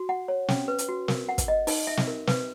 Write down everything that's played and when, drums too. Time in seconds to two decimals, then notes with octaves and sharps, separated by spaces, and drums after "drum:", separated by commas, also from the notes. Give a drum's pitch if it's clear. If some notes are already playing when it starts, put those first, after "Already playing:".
Already playing: F#4
0.09 F#5
0.28 C#5
0.48 C#4, drum: snare
0.68 B4
0.78 drum: hi-hat
0.89 F#4
1.08 A#4, drum: snare
1.29 F#5
1.38 drum: kick, hi-hat
1.48 D#5
1.67 D#4, drum: open hi-hat
1.87 E5
1.97 drum: snare
2.07 A#4
2.27 B4, drum: snare